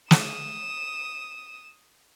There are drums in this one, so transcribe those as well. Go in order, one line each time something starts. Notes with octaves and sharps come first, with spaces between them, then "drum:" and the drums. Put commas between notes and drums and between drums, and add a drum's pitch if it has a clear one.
D#6 E7, drum: snare